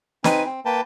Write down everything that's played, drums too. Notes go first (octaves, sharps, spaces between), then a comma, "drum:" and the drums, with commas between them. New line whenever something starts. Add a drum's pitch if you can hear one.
C4 D#4 B4 G#5, drum: snare
C4
A#3 B4 G5 A5